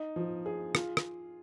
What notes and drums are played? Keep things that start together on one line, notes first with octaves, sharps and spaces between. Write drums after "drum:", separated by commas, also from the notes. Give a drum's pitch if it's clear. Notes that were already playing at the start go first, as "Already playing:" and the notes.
Already playing: D#4
F3
G#4
F4, drum: rim click
drum: rim click